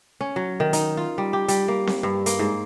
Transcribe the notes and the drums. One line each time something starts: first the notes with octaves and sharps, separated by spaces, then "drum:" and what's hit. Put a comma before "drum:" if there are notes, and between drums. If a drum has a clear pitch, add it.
C#4
F#3
D#3
D#4, drum: hi-hat
F4
G3
G4
G3, drum: hi-hat
A#3
drum: snare C4
G2
A#3, drum: hi-hat
G#2